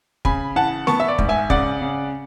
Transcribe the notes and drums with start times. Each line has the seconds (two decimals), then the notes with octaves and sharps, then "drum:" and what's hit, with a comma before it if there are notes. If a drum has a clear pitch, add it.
0.25 C#3 G#5 B5, drum: kick
0.56 E3 F#5 A5
0.87 B3 A5 C#6, drum: snare
1.00 E5
1.08 D5
1.18 G#2, drum: kick
1.29 E5 G#5
1.50 C#3 D5 F#5, drum: kick
1.82 C#3